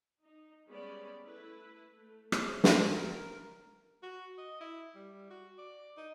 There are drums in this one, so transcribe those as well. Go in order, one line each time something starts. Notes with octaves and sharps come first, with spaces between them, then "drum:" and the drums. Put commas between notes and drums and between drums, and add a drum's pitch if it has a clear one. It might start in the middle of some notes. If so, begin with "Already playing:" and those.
D#4
G3 G#3 B3 C#4 D5 B5
A3 E4 B4
A3
C#4 G#4 C5 C#5 E5, drum: rim click
drum: snare
A#4
F#4
D#5
E4
G3
F#4
D5
D#4